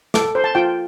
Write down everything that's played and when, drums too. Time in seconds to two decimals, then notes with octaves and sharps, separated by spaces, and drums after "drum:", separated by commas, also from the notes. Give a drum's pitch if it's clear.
0.14 A4 D6, drum: snare
0.35 C5
0.44 A5
0.55 F4 G5